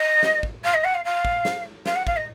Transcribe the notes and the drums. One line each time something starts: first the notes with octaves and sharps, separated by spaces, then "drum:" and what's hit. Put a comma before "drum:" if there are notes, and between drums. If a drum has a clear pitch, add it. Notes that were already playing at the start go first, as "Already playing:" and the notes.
Already playing: D#5
drum: snare
drum: kick
F5
D#5
F#5
F5
F5
drum: kick
drum: snare
F5, drum: snare
F#5
F5, drum: kick
D#5